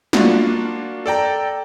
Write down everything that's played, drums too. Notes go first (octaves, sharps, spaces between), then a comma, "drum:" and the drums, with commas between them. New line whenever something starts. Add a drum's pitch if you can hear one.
A#3 D4 F4 F#4, drum: snare
A4 D5 G5 A#5